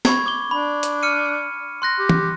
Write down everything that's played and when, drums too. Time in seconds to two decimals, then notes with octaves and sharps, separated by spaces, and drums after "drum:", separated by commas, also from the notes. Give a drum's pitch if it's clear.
0.05 B5 C#6 G#6, drum: snare
0.26 D6 G7
0.51 D4 B5
0.83 drum: hi-hat
1.03 F6 C#7 D#7
1.82 C6 F#6 A#6
1.99 G4
2.10 drum: tom E3